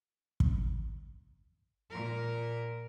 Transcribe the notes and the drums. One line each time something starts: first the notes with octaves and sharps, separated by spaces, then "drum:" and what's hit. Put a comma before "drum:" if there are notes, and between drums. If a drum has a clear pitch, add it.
drum: kick
A#2 A#4